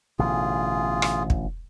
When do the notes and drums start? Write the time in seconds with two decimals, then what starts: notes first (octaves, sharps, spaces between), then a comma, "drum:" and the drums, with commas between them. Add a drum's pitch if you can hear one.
0.19 A1 B2 D3 F4 G#4
1.02 drum: rim click
1.30 drum: kick